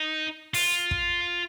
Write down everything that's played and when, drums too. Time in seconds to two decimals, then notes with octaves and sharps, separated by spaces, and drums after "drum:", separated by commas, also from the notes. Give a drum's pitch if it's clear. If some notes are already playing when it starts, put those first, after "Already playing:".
Already playing: D#4
0.54 F4, drum: open hi-hat
0.91 drum: kick